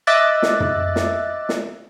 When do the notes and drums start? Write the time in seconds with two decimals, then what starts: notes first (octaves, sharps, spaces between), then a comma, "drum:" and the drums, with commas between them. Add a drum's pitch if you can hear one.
0.07 D#5 E5 D6 E6 F#6 A6
0.42 drum: snare
0.60 drum: tom
0.96 drum: snare
1.49 drum: snare